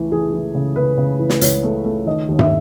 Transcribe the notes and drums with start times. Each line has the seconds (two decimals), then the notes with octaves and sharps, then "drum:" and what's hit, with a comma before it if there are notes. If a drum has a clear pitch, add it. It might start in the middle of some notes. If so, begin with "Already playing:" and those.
Already playing: C#2 E3 A3
0.12 E3 G#4
0.33 E3
0.55 C#3
0.76 C#3 B4
0.97 C#3
1.19 E3
1.30 drum: snare
1.41 C#2 C#5, drum: hi-hat
1.63 A3
1.84 A3
2.06 D#3 D#5
2.28 D#2
2.39 E5, drum: tom